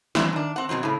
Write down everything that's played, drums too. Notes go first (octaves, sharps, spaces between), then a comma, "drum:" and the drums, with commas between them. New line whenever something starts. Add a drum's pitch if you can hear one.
E3 F#3 C4 D4, drum: snare
D#3 D4
C4 F#5
B2 D#3 F#3 C4
A2 C#3